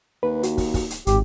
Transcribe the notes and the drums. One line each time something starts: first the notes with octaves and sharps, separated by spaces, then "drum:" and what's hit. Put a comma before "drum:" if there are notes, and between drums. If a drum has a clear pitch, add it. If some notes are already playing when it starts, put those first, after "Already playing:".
D#2 B4
F#4, drum: hi-hat
drum: kick, open hi-hat
drum: kick, open hi-hat
drum: hi-hat
G#1 G#2 G4, drum: hi-hat